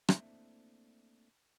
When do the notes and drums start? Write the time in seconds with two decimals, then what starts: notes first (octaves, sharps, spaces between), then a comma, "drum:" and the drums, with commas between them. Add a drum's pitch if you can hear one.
0.08 A3 A#3 C4 D4 E4 E5, drum: rim click